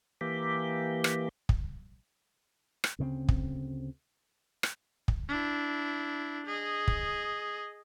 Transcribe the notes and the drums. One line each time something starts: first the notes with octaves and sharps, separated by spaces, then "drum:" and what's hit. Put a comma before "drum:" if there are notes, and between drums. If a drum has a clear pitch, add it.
E3 A#3 G4
drum: rim click
drum: kick
drum: rim click
D2 C#3 G3 C4
drum: kick
drum: rim click
drum: kick
D4 E4
G#4 D#5
drum: kick